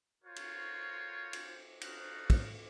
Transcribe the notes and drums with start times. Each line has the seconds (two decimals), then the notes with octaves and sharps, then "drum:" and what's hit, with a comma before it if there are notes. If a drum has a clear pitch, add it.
0.24 F4 F#4 A#4 C5 C#5
0.36 drum: cymbal
1.33 drum: cymbal
1.81 D4 D#4 F4 F#4, drum: cymbal
2.30 drum: kick, cymbal